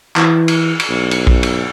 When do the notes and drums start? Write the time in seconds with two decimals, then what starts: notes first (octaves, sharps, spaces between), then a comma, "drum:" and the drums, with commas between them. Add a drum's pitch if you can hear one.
0.16 E3, drum: clap
0.48 drum: cymbal
0.80 drum: cymbal
0.89 B1
1.11 drum: cymbal
1.27 drum: kick A#1
1.43 drum: cymbal